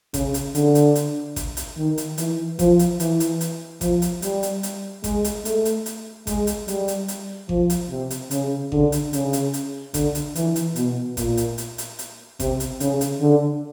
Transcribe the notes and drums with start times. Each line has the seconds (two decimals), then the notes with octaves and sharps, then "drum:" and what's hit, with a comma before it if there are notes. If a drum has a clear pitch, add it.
0.14 C#3, drum: kick G#1, hi-hat
0.34 drum: hi-hat
0.55 D3, drum: hi-hat
0.75 drum: hi-hat
0.95 drum: hi-hat
1.36 drum: kick G#1, hi-hat
1.57 drum: hi-hat
1.77 D#3
1.98 drum: hi-hat
2.18 E3, drum: hi-hat
2.59 F3, drum: kick G#1, hi-hat
2.79 drum: hi-hat
3.00 E3, drum: hi-hat
3.20 drum: hi-hat
3.41 drum: hi-hat
3.81 F3, drum: kick G#1, hi-hat
4.02 drum: hi-hat
4.22 G3, drum: hi-hat
4.43 drum: hi-hat
4.63 drum: hi-hat
5.04 G#3, drum: kick G#1, hi-hat
5.24 drum: hi-hat
5.45 A3, drum: hi-hat
5.65 drum: hi-hat
5.86 drum: hi-hat
6.27 G#3, drum: kick G#1, hi-hat
6.47 drum: hi-hat
6.68 G3, drum: hi-hat
6.88 drum: hi-hat
7.08 drum: hi-hat
7.49 F3, drum: kick G#1
7.70 drum: hi-hat
7.90 C3
8.10 drum: hi-hat
8.31 C#3, drum: hi-hat
8.72 D3, drum: kick G#1
8.92 drum: hi-hat
9.13 C#3, drum: hi-hat
9.33 drum: hi-hat
9.53 drum: hi-hat
9.94 D3, drum: kick G#1, hi-hat
10.15 drum: hi-hat
10.35 E3, drum: hi-hat
10.56 drum: hi-hat
10.76 B2, drum: hi-hat
11.17 A#2, drum: kick G#1, hi-hat
11.37 drum: hi-hat
11.58 drum: hi-hat
11.78 drum: hi-hat
11.99 drum: hi-hat
12.40 C3, drum: kick G#1, hi-hat
12.60 drum: hi-hat
12.80 C#3, drum: hi-hat
13.01 drum: hi-hat
13.21 D3